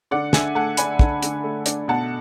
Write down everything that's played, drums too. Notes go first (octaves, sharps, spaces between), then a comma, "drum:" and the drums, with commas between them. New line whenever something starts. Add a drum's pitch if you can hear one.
D3 D5 F#5
D3 E5 G#5, drum: snare
A3 F#5 A5
D4 G#5 B5, drum: hi-hat
D3, drum: kick
D3, drum: hi-hat
A3
D4, drum: hi-hat
B2 F#5 A5